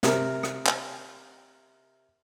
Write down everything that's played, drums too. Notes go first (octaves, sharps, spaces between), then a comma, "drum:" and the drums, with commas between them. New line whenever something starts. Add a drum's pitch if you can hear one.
C3 A#4, drum: snare
drum: rim click
drum: clap